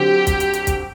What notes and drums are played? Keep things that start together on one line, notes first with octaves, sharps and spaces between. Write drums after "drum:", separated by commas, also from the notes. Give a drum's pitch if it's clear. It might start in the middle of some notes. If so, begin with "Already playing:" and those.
Already playing: D3 F#3 C4 G4
drum: kick, hi-hat
drum: hi-hat
drum: hi-hat
drum: kick, hi-hat